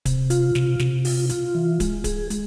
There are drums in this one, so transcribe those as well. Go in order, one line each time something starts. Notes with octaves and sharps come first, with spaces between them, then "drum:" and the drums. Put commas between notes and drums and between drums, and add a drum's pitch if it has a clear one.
C3, drum: kick D1, hi-hat
F4, drum: hi-hat
C3, drum: snare
C3, drum: snare
F4, drum: open hi-hat
F4, drum: hi-hat
E3
G#3, drum: kick D1, hi-hat
G#4, drum: kick D1, hi-hat
G#3, drum: hi-hat